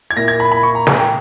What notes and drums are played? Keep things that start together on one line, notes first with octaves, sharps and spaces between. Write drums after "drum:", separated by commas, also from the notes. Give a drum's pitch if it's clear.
G#6
A#2 A#3 E4 A#6
G#6
B5
B5
C#6
A#5
G#5, drum: snare
G5